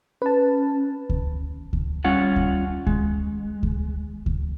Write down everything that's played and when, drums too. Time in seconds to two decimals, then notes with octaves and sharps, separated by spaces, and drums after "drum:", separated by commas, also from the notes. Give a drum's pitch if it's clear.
0.22 C#4 B4 A5
1.10 drum: kick D2
1.73 drum: kick D2
2.05 G3 C#4 F4 F#5
2.36 drum: kick D2
2.87 G#3, drum: kick D2
3.63 drum: kick D2
4.26 drum: kick D2